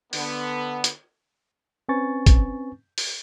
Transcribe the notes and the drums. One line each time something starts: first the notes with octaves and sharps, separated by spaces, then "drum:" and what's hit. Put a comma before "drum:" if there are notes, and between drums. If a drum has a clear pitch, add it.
D3 B3, drum: open hi-hat
drum: hi-hat
C4 C#4 B4 G#5 C#6 A6
drum: kick, hi-hat
drum: open hi-hat